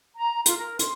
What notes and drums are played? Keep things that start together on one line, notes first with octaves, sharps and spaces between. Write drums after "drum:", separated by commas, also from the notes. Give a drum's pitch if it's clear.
A#5
F4, drum: hi-hat
A#4
C6, drum: hi-hat